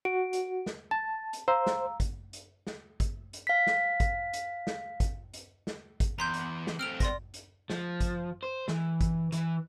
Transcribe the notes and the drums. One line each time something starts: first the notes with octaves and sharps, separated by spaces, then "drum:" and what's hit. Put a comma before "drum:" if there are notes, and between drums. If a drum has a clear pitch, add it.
F#4 D7
drum: hi-hat
drum: snare
A5 A6
drum: hi-hat
C5 F5 A#5 E6
drum: snare
drum: kick G#1, hi-hat
drum: hi-hat
drum: snare
drum: kick G#1, hi-hat
drum: hi-hat
F5 B6
drum: snare
drum: kick G#1, hi-hat
drum: hi-hat
drum: snare
drum: kick G#1, hi-hat
drum: hi-hat
drum: snare
drum: kick G#1, hi-hat
E2 A#5 C6 G6
drum: hi-hat
drum: snare
A3 C4 F6 D7 F7
D5 C6 A#6, drum: kick G#1, hi-hat
drum: hi-hat
F3, drum: snare
drum: kick G#1, hi-hat
C5
E3, drum: snare
drum: kick G#1, hi-hat
E3, drum: hi-hat